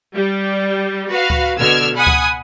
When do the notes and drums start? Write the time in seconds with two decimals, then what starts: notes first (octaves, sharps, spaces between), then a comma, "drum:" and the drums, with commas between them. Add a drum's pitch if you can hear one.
0.15 G3
1.10 F#4 B4 F5
1.30 drum: kick C#2
1.58 B2 D3 E6 F6 G#6
1.96 F#5 G#5 B5 D#6 G#6
2.07 drum: kick C#2